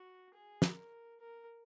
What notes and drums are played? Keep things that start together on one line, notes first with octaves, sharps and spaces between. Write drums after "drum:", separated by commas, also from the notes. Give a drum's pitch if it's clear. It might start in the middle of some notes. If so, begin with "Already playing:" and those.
Already playing: F#4
G#4
A#4, drum: snare
A#4